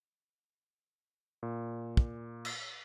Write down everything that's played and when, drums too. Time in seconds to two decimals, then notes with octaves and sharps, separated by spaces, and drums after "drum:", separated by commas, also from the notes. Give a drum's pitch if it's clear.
1.43 A#2
1.97 drum: kick
2.45 drum: cymbal